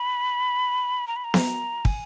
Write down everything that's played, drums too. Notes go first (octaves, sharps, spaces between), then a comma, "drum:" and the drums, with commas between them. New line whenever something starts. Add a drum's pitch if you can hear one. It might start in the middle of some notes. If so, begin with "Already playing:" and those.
Already playing: B5
A#5
B5
A#5
drum: snare B3
G#5, drum: kick